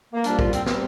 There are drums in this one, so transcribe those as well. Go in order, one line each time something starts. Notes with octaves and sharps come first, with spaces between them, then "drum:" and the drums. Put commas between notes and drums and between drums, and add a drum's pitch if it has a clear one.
A#3
C2 A#2 G3 D4, drum: hi-hat
F4, drum: kick
C4, drum: hi-hat
C3 G3 C4, drum: snare